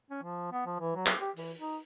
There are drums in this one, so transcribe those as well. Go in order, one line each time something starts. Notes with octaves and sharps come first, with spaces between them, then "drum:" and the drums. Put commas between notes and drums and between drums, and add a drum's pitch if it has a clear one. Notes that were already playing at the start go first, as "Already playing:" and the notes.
C#4
F3
B3
F3
E3
F#3
drum: clap
G4
E3, drum: open hi-hat
D#4